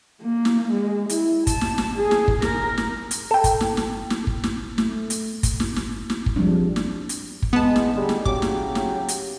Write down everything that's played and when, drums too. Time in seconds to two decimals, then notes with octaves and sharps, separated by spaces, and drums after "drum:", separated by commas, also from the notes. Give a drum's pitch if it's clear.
0.22 A#3
0.45 drum: snare
0.71 G#3
1.09 E4, drum: hi-hat
1.47 A5, drum: kick, hi-hat
1.61 drum: snare
1.78 drum: snare
1.97 G#4
2.11 drum: snare
2.28 drum: kick
2.42 A#4, drum: snare
2.78 drum: snare
3.11 drum: hi-hat
3.31 A4 G5
3.44 drum: kick, hi-hat
3.61 drum: snare
3.77 drum: snare
4.10 drum: snare
4.27 drum: kick
4.44 drum: snare
4.78 A3, drum: snare
5.10 drum: hi-hat
5.43 drum: kick, hi-hat
5.60 drum: snare
5.76 drum: snare
6.10 drum: snare
6.26 drum: kick
6.36 F3 G3 G#3 C4 D4
6.76 drum: snare
7.09 drum: hi-hat
7.42 drum: kick
7.53 G#3 B3 A5
7.76 drum: snare
7.94 D3 G3 G#3
8.09 drum: snare
8.25 C#3 F#3 G4 D6, drum: kick
8.42 drum: snare
8.75 drum: snare
9.08 drum: hi-hat